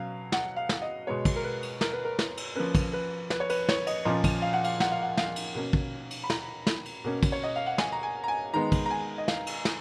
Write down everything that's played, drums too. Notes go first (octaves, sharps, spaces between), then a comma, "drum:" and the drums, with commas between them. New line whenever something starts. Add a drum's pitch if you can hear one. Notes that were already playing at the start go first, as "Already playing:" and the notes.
Already playing: B2 F#3 C#4 F5
F#5, drum: snare
F5
drum: snare
D#5
B2 G#3 B3 C#5
drum: kick, cymbal
A#4
B4
drum: cymbal
A#4, drum: snare
B4
A#4
drum: snare
drum: cymbal
F3 A#3 C#4 B4
drum: kick, cymbal
B4
B4, drum: snare
C#5
B4, drum: cymbal
C#5, drum: snare
D#5, drum: cymbal
A#2 F3 A#3 C#4 D#5
drum: kick, cymbal
F5
F#5
F5, drum: cymbal
F#5, drum: snare
F5
F#5
F5, drum: snare
drum: cymbal
B2 A#3 C#4
drum: kick
drum: cymbal
B5
A#5, drum: snare
drum: snare
drum: cymbal
B2 A#3 C#4
drum: kick, cymbal
C#5
D#5
F5
F#5
G#5, drum: snare
A#5
G#5
A#5
G#5
D#3 G#3 B3 A#5
drum: kick, cymbal
A#5
G#5
D#5
F5, drum: snare
drum: cymbal
drum: snare